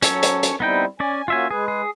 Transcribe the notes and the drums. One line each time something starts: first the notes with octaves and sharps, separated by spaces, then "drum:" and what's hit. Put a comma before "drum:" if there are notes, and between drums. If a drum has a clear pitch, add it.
F#3 C#4 A4 C#5, drum: hi-hat
drum: hi-hat
drum: hi-hat
G3 B3 C4 D#4 E4 G5
C#4 D5 G#5
A#3 C#4 F4 F#4 E5 G#5
G#3 G#4 B4
G#4